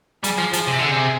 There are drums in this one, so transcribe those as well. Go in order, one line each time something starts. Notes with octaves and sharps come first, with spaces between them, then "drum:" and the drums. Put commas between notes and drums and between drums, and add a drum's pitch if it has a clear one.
G3 G#4, drum: hi-hat
F3
F3 G#4, drum: hi-hat
C3
D3 G#4
C3